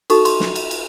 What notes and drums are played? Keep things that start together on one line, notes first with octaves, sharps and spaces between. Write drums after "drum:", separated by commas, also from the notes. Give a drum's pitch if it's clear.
D#4 F#4 A4 C#6, drum: cymbal
C6, drum: cymbal
drum: snare
drum: cymbal
drum: cymbal